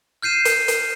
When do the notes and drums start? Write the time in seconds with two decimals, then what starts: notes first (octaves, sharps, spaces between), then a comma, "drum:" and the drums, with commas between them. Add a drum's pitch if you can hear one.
0.22 F6 G6 C7 D#7 E7
0.45 drum: hi-hat
0.68 drum: hi-hat